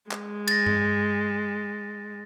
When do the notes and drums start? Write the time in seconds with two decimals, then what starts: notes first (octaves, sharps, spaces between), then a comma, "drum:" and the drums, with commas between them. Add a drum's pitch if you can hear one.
0.11 G#3, drum: clap
0.48 A6 A#6, drum: cymbal
0.66 drum: tom G2